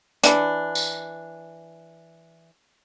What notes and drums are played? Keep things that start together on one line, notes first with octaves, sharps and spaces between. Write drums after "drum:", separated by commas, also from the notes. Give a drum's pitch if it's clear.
E3 D4, drum: hi-hat
drum: tambourine